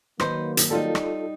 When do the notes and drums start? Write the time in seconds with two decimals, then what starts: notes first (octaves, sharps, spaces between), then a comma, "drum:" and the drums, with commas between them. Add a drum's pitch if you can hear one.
0.20 D#3 F#3 A#3 D#4 B4 C5, drum: rim click
0.57 drum: hi-hat
0.70 G3 D#4 F4 A4
0.95 drum: rim click